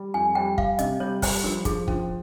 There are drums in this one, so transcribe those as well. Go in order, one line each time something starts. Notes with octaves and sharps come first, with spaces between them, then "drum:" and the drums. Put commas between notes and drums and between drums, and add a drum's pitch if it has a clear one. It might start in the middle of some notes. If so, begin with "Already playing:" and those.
Already playing: G3
F2 G#5
G3 G5
G3 F5, drum: kick
C3 D#5, drum: hi-hat
G3 C#5
G3 C5, drum: kick, open hi-hat
F3 A#4
F3 G#4, drum: kick, hi-hat
F3 C#4, drum: kick